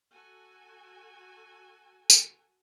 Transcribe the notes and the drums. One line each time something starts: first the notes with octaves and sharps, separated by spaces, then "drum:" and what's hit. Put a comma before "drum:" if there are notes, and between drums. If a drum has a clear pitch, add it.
F#4 A4 G#5
drum: tambourine